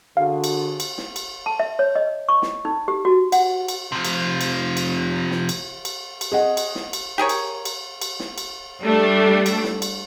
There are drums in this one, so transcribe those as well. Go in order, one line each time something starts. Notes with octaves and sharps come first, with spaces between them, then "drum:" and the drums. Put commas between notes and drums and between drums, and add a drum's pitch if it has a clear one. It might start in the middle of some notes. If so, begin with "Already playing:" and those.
D3 F#4 G#4 F5
drum: cymbal
drum: cymbal
drum: snare
drum: cymbal
A5
E5
C#5
D#5
C#6
drum: snare
D#4
G4
F#4
F#5, drum: cymbal
drum: cymbal
C3 F3
drum: cymbal
drum: cymbal
drum: cymbal
drum: snare
drum: cymbal
drum: cymbal
drum: cymbal
G#4 D#5 F#5
drum: cymbal
drum: snare
drum: cymbal
G4 G#4 A#4 C#5
drum: cymbal
drum: cymbal
drum: cymbal
drum: snare
drum: cymbal
G3 A3 D4
drum: cymbal
drum: snare
drum: cymbal